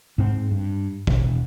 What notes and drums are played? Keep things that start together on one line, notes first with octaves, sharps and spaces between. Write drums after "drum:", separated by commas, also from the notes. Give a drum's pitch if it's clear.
G#2 C4
G2
E1, drum: kick